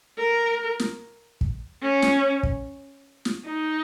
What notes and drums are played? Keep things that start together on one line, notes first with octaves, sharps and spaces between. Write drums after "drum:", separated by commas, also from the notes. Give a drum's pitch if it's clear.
A#4
drum: snare
drum: kick
C#4
drum: snare
drum: kick
drum: snare
D#4